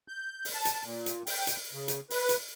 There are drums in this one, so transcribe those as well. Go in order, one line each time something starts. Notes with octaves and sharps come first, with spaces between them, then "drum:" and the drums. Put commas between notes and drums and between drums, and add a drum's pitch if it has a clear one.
G6
drum: open hi-hat
A5
drum: hi-hat
A#2
drum: hi-hat
G5, drum: open hi-hat
drum: hi-hat
C#3
drum: hi-hat
B4, drum: open hi-hat
drum: hi-hat